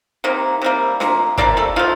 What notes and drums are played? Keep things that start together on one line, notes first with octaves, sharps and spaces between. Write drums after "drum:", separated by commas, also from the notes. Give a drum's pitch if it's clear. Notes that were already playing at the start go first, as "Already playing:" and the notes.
C3 D#3 A#3
C3 G3 A#3
C3 F3 A#3, drum: snare D4
C3 G3 A#3 D4 D5, drum: kick
A3 A4
D#3 F3 A3 F4